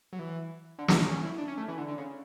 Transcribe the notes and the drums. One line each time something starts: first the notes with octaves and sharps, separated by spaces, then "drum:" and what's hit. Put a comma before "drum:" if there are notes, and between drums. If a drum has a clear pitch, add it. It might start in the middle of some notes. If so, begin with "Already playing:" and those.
F#3
E3
D3
C#3, drum: snare
D3
C#4
E4
D4
C#4
A3
E3
D3
D3
C#3